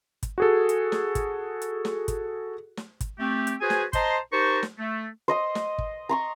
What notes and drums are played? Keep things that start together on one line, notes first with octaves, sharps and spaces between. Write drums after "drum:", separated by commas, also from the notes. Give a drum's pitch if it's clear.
drum: kick, hi-hat
F#4 G#4 A4
drum: hi-hat
drum: snare
drum: kick, hi-hat
drum: hi-hat
drum: snare
drum: kick, hi-hat
drum: snare
drum: kick, hi-hat
A3 C4 G4
drum: hi-hat
F#4 G#4 B4 C5 G#5
drum: snare
C5 D#5 A5 A#5 C6, drum: kick, hi-hat
D#4 G4 A#4 C5 A5 C#6
drum: snare
A3
C5 D#5 C6
drum: snare
drum: kick
A#5 C6 C#6